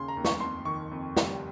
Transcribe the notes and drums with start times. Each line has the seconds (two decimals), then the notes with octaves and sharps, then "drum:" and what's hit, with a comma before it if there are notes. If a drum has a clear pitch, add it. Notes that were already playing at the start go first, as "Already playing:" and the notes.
Already playing: D#2 C#3 C6
0.08 A#5
0.17 D#2
0.25 C#6, drum: snare
0.40 F2 C6
0.65 D#3 C#6
0.91 F2
1.17 G3, drum: snare